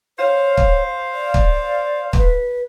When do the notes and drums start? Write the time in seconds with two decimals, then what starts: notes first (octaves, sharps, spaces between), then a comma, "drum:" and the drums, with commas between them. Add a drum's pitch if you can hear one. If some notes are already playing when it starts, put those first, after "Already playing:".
0.19 C5 C#5 F5
0.57 drum: kick
1.14 D5
1.34 drum: kick
2.13 B4, drum: kick